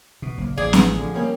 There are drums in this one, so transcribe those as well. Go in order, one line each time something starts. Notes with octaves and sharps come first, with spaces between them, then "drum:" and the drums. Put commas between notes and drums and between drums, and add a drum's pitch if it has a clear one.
B2
F#1 A#3
A1 G#4 D5
B3, drum: snare C4
D3 F3
G3 A#3 C4 C#4